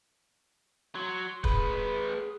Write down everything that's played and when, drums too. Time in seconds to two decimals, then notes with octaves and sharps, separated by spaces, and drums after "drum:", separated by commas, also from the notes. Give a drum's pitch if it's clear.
0.95 F#3 C6
1.44 A3 G#4 B4, drum: kick